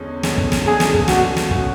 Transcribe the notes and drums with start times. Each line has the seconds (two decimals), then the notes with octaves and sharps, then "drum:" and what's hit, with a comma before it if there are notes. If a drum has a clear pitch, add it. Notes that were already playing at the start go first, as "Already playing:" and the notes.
Already playing: E2 D3 G#3 C#4
0.23 E2 D3 G#3 C#4, drum: snare
0.38 drum: kick
0.52 drum: snare
0.65 C#2 C#3 G#3 D4 G#4 A4
0.80 drum: snare
0.94 drum: kick
1.08 C#2 C#3 G#3 D4 F#4 A4, drum: snare
1.37 drum: snare
1.51 B2 A3 C#4 F#4, drum: kick